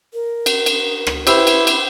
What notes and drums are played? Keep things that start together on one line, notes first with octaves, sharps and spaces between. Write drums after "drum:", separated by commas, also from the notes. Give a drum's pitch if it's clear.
A#4
drum: cymbal
drum: cymbal
drum: rim click
E4 G4 B4 C5 E6, drum: cymbal
drum: cymbal
drum: cymbal